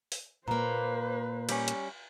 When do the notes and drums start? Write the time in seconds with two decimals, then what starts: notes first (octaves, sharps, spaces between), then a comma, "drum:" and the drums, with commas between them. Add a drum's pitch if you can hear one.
0.12 drum: open hi-hat
0.48 A#2 A#3 B4 C5 A#5
1.49 G3 C#4, drum: cymbal
1.68 drum: hi-hat